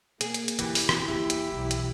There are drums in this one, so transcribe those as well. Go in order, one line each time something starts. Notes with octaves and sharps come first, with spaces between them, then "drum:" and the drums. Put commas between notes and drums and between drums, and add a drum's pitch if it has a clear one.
A#3 G#4, drum: hi-hat
drum: hi-hat
drum: hi-hat
D3 E3 C#4 G4, drum: hi-hat
drum: open hi-hat
drum: rim click
E2 A#3 E4 G4
drum: hi-hat
B1 E3
drum: hi-hat